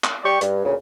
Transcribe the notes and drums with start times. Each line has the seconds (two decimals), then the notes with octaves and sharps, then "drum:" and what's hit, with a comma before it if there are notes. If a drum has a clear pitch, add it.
0.04 drum: clap
0.24 G3 G4 D5 G5 C#6
0.41 G2, drum: hi-hat
0.64 D2 A#2 C#3